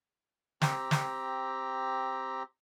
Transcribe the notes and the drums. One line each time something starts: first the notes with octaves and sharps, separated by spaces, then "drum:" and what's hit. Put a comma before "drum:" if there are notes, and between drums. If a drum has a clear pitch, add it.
C4 G4 A#5, drum: snare
drum: snare